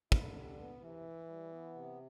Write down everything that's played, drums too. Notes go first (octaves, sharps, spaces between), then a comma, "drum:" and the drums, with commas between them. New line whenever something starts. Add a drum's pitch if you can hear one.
D3 E4, drum: kick
G3
B3
C3 E3
E4
G3
B3
C3